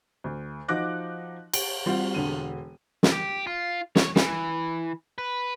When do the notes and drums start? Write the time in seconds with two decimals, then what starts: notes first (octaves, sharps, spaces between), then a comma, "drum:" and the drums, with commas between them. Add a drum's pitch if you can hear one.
0.24 D2
0.68 F3 D#4 F#4 D6 F#6 A#6
1.54 D7, drum: cymbal
1.86 G3 C4 F4 F#4
2.14 E1 D3 D#7
3.03 drum: snare
3.12 G4
3.47 F4
3.96 C#5, drum: snare
4.16 E3, drum: snare
5.18 B4